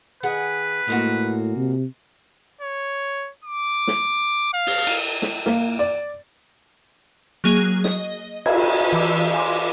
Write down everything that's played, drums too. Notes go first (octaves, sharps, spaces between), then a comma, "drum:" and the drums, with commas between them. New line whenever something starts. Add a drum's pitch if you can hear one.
D#3 G#4 B4 F#5
A2 G#3 A#3 F#4
C3
C#5
D6
drum: snare
F5
drum: open hi-hat
drum: cymbal
drum: snare
A#3, drum: snare
D5
F#3 A#3 G#4
D#5, drum: snare
G#6, drum: cymbal
E3 D6
G#5 C6 D6